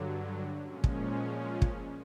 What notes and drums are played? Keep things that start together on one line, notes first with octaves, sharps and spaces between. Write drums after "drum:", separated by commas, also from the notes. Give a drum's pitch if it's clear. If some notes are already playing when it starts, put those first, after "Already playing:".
Already playing: G2 D3 F#3
A#2 F3 G#3 C#4
drum: kick
drum: kick